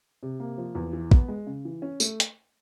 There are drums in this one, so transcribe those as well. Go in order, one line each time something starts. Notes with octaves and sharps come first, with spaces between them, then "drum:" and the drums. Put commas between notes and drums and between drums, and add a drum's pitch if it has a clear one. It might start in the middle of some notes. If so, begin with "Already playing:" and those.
C3
A#3
F3
E2
E3
B3, drum: kick
G#3
C#3
E3
C#4
A3, drum: tambourine
drum: hi-hat